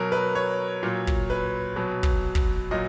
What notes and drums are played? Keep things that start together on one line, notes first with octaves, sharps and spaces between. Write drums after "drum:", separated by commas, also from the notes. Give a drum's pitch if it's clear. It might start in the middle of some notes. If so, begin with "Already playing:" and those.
Already playing: B2 F#3 A#4
B4
C#5
A#2 F#3
drum: kick
B4
B2 F#3
drum: kick
drum: kick
A#2 F#3 D#5